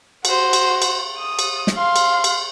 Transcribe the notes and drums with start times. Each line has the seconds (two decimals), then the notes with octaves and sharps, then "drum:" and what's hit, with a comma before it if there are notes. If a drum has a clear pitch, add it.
0.25 F#4 C5, drum: cymbal
0.53 drum: cymbal
0.82 drum: cymbal
1.18 D#6
1.39 drum: cymbal
1.67 drum: snare
1.76 F5 C6
1.96 drum: cymbal
2.24 drum: cymbal